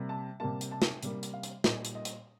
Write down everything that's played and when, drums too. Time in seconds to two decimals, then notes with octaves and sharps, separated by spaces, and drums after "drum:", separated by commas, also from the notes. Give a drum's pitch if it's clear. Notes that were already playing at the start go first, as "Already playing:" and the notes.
Already playing: C3 G3 A#3
0.09 A5
0.40 C3 G3 A#3 A5
0.61 drum: hi-hat
0.71 A5
0.82 drum: snare
1.03 C3 G3 A#3, drum: hi-hat
1.23 drum: hi-hat
1.33 F5
1.43 drum: hi-hat
1.64 A#2 G3 A#3 D#5, drum: snare
1.85 drum: hi-hat
1.95 D#5
2.05 drum: hi-hat